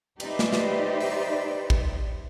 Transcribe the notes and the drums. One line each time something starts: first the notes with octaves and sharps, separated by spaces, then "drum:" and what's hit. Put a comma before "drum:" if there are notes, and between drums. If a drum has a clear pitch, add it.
D#4 G4 B4 C5 D5 E5, drum: cymbal
drum: snare
drum: snare
drum: open hi-hat
drum: kick